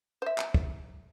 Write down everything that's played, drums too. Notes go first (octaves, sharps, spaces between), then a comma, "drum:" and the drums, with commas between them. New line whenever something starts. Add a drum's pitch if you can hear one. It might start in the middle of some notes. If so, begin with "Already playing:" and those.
C5 E5
drum: clap
drum: kick